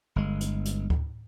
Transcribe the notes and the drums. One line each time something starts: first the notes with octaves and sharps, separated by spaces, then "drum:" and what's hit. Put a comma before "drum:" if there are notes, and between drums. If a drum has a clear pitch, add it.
G1 G#3
drum: hi-hat
drum: hi-hat
drum: kick D2